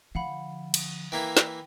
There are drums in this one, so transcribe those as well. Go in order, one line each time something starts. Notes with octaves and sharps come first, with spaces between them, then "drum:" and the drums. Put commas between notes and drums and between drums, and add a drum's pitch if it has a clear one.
D3 F3 F5 F#5 B5
drum: cymbal
E3 A#3 E4 G5
drum: snare